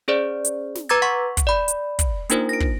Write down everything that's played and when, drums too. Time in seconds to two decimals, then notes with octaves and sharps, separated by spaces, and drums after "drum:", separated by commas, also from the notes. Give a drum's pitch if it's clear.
0.08 C#4 G#4 C5 D5
0.45 drum: hi-hat
0.75 drum: snare
0.89 B4 A#5 D6 E6 G#6 A6
1.02 F#5 C6 C#6 B6
1.37 drum: kick, hi-hat
1.47 D5 B5
1.68 drum: hi-hat
1.99 drum: kick, hi-hat
2.29 A#3 D4 D#4 F4 A#4 C5, drum: hi-hat
2.49 A#6 D7
2.60 drum: kick